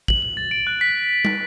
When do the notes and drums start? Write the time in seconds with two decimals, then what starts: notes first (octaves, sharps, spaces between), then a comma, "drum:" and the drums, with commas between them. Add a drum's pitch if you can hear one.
0.08 F#7, drum: kick
0.22 F#7
0.37 A6
0.51 D7
0.67 F#6
0.81 B6
1.25 drum: tom